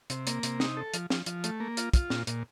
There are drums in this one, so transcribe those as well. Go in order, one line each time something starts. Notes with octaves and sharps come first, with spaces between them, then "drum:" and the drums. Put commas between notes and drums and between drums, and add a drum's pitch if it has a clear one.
C3, drum: hi-hat
A#3, drum: hi-hat
C3, drum: hi-hat
D#4, drum: snare
A4
F3, drum: hi-hat
F3, drum: snare
F3, drum: hi-hat
A3, drum: hi-hat
A#3
F4, drum: hi-hat
F4, drum: kick, hi-hat
A#2, drum: snare
A#2, drum: hi-hat